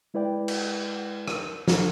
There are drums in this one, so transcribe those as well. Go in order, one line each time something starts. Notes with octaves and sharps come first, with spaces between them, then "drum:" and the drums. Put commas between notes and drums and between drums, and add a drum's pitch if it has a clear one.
G#3 E4 B4 D5 G5
drum: cymbal
drum: rim click
drum: snare